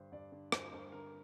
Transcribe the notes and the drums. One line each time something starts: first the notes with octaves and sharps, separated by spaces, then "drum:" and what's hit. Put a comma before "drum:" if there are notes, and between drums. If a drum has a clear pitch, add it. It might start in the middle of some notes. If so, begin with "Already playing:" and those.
Already playing: G2 D3 C5
G2 D5
D3
G2 C5, drum: rim click
G2 A#4
D3 A#4